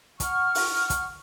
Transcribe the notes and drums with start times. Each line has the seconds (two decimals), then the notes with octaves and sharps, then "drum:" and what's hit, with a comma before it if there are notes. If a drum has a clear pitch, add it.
0.20 F#5 C#6 F6, drum: kick, hi-hat
0.55 drum: open hi-hat
0.90 drum: kick, hi-hat